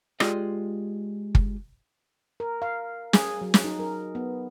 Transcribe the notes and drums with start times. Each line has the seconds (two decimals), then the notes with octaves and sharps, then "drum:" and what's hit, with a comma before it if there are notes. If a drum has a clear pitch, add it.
0.20 G#3 F4 G4 D5 D#5, drum: rim click
1.35 drum: kick
2.40 A#4
2.62 F5
3.13 G#4, drum: snare
3.41 F#3
3.54 drum: snare
3.64 D#4
3.80 A#4
4.15 B3